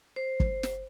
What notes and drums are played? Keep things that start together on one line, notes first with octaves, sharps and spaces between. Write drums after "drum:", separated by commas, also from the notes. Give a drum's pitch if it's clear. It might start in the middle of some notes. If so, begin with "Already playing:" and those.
C5
drum: kick
drum: snare